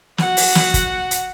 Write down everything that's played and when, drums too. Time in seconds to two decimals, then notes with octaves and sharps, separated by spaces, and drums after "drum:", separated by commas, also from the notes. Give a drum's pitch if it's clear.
0.18 F#4 F#5, drum: snare
0.37 drum: open hi-hat
0.55 drum: snare
0.74 drum: kick G1, hi-hat
1.11 drum: hi-hat